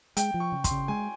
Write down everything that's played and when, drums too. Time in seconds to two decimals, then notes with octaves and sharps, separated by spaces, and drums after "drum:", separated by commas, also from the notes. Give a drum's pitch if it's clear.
0.17 G#3 G5, drum: hi-hat
0.34 F3
0.40 C#6
0.52 C#3
0.64 C6, drum: kick, hi-hat
0.71 C#3
0.88 G#3 G#5